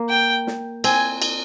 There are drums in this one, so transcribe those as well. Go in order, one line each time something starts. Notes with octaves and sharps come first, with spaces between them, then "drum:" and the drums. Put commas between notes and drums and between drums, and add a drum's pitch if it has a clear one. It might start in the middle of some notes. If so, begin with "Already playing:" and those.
Already playing: A#3
G5
drum: snare
C4 G#5, drum: cymbal
drum: cymbal